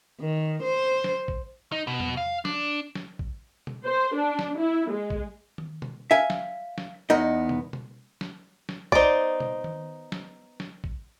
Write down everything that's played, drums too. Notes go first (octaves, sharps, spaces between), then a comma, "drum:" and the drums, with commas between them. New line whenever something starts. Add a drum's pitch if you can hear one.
D#3
C5
drum: snare
drum: kick
D#4
B2
drum: tom E2
F5
D4, drum: snare
drum: snare
drum: kick
drum: tom B2
C5
D4
drum: snare
E4
G#3
drum: kick
drum: tom D#3
drum: tom B2
E5 F5 G#5
drum: snare
drum: snare
E2 B3 D#4 D#5
drum: tom B2
drum: tom B2
drum: snare
drum: snare
B3 D#4 C5 D5, drum: kick
drum: tom B2
drum: tom D#3
drum: snare
drum: snare
drum: kick